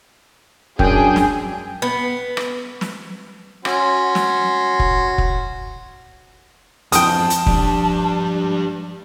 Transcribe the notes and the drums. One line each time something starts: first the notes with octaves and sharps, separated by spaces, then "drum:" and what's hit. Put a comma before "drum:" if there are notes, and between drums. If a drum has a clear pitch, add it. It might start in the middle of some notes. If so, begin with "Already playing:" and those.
F#2 D4 G#4 G5, drum: kick
drum: snare
B3
drum: rim click
drum: snare
C#4 F#4 C6, drum: rim click
drum: snare
drum: kick
drum: kick
F2 G5 A5 D#6, drum: hi-hat
drum: hi-hat
F3 G3 D4, drum: kick